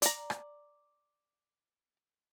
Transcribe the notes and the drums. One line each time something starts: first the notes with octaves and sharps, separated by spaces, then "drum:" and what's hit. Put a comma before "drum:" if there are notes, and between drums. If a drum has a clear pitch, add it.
D5 A#5, drum: hi-hat
drum: rim click